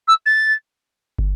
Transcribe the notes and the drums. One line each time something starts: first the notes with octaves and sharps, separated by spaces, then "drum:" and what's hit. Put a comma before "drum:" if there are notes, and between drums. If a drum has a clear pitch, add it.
E6
A6
drum: kick